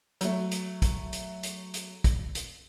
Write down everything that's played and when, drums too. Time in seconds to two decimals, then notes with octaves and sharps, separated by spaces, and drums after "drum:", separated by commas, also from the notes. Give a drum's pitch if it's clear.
0.21 F#3 A3, drum: hi-hat
0.51 drum: hi-hat
0.82 drum: kick, hi-hat
1.13 drum: hi-hat
1.43 drum: hi-hat
1.74 drum: hi-hat
2.04 drum: kick, hi-hat
2.35 drum: hi-hat